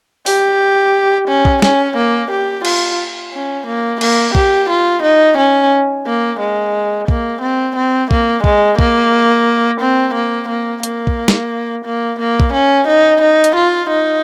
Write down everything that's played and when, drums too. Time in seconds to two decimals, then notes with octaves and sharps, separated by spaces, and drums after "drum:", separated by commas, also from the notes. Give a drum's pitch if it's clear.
0.26 G4, drum: open hi-hat
1.28 C#4
1.45 drum: kick
1.62 C#4, drum: snare
1.96 A#3
2.31 G4
2.65 F4, drum: cymbal
3.33 C#4
3.67 A#3
4.01 A#3, drum: cymbal
4.35 G4, drum: kick
4.70 F4
5.03 D#4
5.38 C#4
6.06 A#3
6.40 G#3
7.08 A#3, drum: kick
7.41 C4
7.76 C4
8.11 A#3, drum: kick
8.44 G#3, drum: kick
8.79 A#3, drum: kick
9.81 C4
10.14 A#3
10.49 A#3
10.83 A#3, drum: hi-hat
11.07 drum: kick
11.28 drum: snare
11.85 A#3
12.19 A#3
12.40 drum: kick
12.53 C#4
12.88 D#4
13.21 D#4
13.44 drum: hi-hat
13.56 F4
13.90 D#4